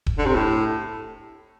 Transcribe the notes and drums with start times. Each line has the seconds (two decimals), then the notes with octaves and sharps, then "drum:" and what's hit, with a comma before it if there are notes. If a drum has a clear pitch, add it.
0.06 drum: kick D#1
0.18 D3
0.26 C3
0.35 A2